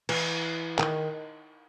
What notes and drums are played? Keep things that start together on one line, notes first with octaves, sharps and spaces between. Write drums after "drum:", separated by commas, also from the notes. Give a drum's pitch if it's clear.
E3, drum: cymbal
D#3, drum: clap